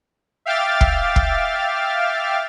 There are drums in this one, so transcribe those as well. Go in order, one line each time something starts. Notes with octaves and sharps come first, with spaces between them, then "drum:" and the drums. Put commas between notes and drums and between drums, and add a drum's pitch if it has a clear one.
E5 F5 G5 D6 F6 A6
drum: kick
drum: kick